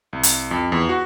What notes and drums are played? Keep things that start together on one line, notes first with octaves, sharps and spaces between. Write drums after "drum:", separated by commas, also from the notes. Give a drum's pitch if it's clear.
C2
drum: hi-hat
F2
E2
F#4